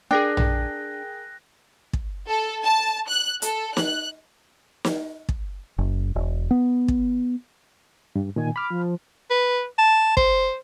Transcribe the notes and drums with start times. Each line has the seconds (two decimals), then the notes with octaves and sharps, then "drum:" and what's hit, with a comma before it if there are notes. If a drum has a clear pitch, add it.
0.11 D4 G#4 A#4 G5 F#6 A#6
0.37 drum: tom A#1
1.93 drum: kick
2.28 A4
2.64 A5
3.08 F#6
3.42 A4, drum: hi-hat
3.77 F#6, drum: snare
4.85 drum: snare
5.29 drum: kick
5.78 F#1
6.15 E1
6.51 B3
6.88 drum: kick
8.16 G2
8.36 A#2 D#3 G#5
8.56 B5 D6 F6
8.70 F3
9.30 B4
9.78 A5
10.17 C5, drum: kick